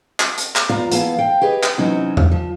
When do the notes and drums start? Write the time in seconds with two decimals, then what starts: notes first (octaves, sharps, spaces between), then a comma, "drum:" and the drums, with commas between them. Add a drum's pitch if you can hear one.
0.20 drum: clap
0.38 drum: hi-hat
0.56 drum: clap
0.69 E2 F4 D5 F5 A#5
0.92 E3 A#3 B3 G#4 F5 A5, drum: hi-hat
1.19 F5 G5
1.42 G4 G#4 B4 D#5
1.63 drum: clap
1.78 C3 E3 F#3 C#4 D#4 F#4
2.17 drum: tom E2
2.32 F3